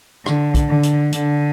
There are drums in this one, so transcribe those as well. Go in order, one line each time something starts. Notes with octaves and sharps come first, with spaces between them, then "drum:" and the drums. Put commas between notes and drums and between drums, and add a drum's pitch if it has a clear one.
D3, drum: rim click
drum: kick, hi-hat
D3
drum: hi-hat
D3, drum: hi-hat